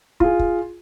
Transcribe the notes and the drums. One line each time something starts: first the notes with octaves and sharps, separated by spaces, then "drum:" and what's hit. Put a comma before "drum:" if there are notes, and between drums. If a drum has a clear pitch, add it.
F4 G#4, drum: kick
drum: kick